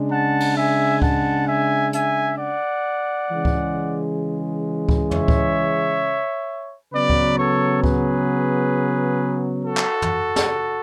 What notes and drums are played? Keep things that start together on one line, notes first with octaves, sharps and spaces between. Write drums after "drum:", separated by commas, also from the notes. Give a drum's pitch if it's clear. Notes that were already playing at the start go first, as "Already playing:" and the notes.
Already playing: C#3 G#3 D4
F#5 A5
drum: cymbal
E5 G#5
F#5 A5, drum: kick C#2
E5 G#5
E5 G#5, drum: hi-hat
D5 F#5
C#3 E3 G#3
drum: kick C#2
drum: kick C#2
C#5 E5, drum: tom
drum: kick C#2
C#3 F#3 B3 B4 D5
drum: kick C#2
A4 C#5
G#4 B4, drum: kick C#2
F#4 A4
drum: clap
drum: tom
drum: snare